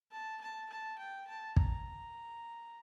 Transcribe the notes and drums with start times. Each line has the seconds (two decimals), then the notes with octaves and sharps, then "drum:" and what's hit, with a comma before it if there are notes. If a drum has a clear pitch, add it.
0.12 A5
0.41 A5
0.69 A5
0.98 G5
1.27 A5
1.56 A#5, drum: kick